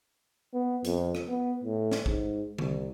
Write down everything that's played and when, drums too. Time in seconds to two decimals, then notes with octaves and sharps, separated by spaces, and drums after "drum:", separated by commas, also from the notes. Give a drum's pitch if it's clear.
0.54 B3
0.84 F2, drum: hi-hat
1.15 drum: rim click
1.28 B3
1.64 A2
1.92 drum: snare
2.06 G#2, drum: kick
2.58 C2, drum: tom D3